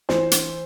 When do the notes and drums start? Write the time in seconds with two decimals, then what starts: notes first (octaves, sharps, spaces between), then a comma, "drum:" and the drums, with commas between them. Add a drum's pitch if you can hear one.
0.09 E3 C5, drum: snare
0.31 drum: hi-hat